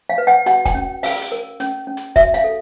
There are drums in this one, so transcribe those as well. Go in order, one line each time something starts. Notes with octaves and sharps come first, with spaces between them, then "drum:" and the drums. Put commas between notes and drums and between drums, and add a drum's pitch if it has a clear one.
F5
B4
F#5
F#4 F#5, drum: hi-hat
G5, drum: kick, hi-hat
C#4
C#4 F5, drum: open hi-hat
drum: hi-hat
A#4
C#4, drum: hi-hat
C#4
drum: hi-hat
F#4 E5, drum: kick, hi-hat
F5, drum: hi-hat
A4